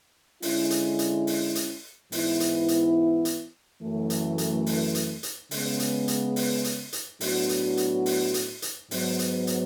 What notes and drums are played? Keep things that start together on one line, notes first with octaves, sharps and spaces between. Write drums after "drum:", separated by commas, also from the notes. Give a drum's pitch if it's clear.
D3 G#3 C#4 E4, drum: open hi-hat
drum: hi-hat
drum: hi-hat
drum: open hi-hat
drum: hi-hat
G#2 E3 B3 E4, drum: open hi-hat
drum: hi-hat
drum: hi-hat
drum: hi-hat
F#2 E3 A3
drum: hi-hat
drum: hi-hat
drum: open hi-hat
drum: hi-hat
drum: hi-hat
C#3 G#3 B3, drum: open hi-hat
drum: hi-hat
drum: hi-hat
drum: open hi-hat
drum: hi-hat
drum: hi-hat
A2 F#3 B3 D4 F#4, drum: open hi-hat
drum: hi-hat
drum: hi-hat
drum: open hi-hat
drum: hi-hat
drum: hi-hat
G#2 F#3 B3, drum: open hi-hat
drum: hi-hat
drum: hi-hat